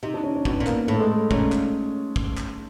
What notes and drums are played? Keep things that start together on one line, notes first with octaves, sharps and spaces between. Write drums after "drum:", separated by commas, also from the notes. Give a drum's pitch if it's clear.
C3 D#4
D4
C#4
C#4
B2 B3, drum: kick
A#2
A#3, drum: clap
A2 A3
G#3
A#2 C#4, drum: kick
drum: clap
drum: kick
drum: clap